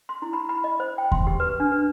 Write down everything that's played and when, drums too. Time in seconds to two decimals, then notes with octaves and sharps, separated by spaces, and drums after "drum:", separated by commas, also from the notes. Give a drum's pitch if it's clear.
0.09 C6
0.22 E4
0.33 B5
0.49 B5
0.64 D#5
0.80 C5
0.98 G5
1.12 C6, drum: kick D#2
1.27 G4
1.40 B4
1.60 D4
1.72 B4